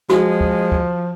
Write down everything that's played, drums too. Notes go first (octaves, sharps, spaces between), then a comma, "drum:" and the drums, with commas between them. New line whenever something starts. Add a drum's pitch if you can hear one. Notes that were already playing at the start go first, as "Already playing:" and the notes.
F3 G#3 F#4, drum: snare
drum: kick
drum: kick